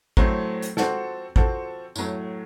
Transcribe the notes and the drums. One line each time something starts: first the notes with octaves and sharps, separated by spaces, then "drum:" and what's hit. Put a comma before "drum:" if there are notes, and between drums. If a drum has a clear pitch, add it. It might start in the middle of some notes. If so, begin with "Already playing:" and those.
A2 F#3 A3 C4, drum: kick
drum: hi-hat
F3 C4 F#4 A4, drum: snare
F3 C4 F#4 A4, drum: kick
A2 F#3 A3, drum: tambourine